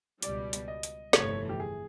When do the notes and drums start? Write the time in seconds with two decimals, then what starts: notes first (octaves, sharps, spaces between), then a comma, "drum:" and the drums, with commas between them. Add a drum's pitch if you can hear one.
0.22 C#2 B2 G3 D5, drum: hi-hat
0.53 drum: hi-hat
0.68 D#5
0.83 drum: hi-hat
1.13 G1 F2 C3 E3 A3 C#5, drum: snare
1.49 G4
1.60 G#4